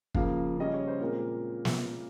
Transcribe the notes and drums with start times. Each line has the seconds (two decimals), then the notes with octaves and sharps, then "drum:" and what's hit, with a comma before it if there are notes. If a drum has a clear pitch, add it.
0.14 C#3 F3 A#3 F5, drum: kick
0.57 C#3 G3 C#4 D#5
0.74 C#5
0.87 C5
1.00 A#2 G#3 C4 A#4
1.65 drum: snare